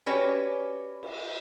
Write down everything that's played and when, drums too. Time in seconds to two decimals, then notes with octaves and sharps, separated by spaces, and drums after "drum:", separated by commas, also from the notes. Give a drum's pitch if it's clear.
0.06 C#4 F#4 G4 B4 C#5 D5
1.03 drum: cymbal